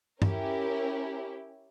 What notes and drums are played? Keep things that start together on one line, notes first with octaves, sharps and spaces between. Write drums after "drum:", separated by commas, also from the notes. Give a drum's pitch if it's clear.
C#4 E4 G4 A#4, drum: tom G2